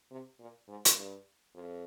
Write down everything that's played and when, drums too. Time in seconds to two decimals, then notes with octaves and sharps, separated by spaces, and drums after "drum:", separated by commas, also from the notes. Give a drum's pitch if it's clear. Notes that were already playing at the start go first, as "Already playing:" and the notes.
0.11 C3
0.39 A#2
0.68 G#2
0.85 drum: hi-hat
0.96 G2
1.54 F2